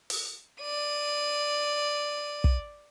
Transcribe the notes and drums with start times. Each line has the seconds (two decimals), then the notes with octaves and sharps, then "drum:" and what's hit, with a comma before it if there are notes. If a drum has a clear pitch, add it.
0.10 drum: open hi-hat
0.61 D5 D#7
2.44 drum: kick